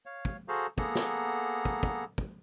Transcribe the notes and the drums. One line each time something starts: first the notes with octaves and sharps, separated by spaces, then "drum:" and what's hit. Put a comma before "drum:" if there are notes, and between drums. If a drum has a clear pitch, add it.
C#5 F5
drum: kick
F#4 G#4 A4 C5 F5 A#5
A#3 B3 G#4 A4 F#5 A#5, drum: kick
drum: snare
drum: kick
drum: kick
drum: kick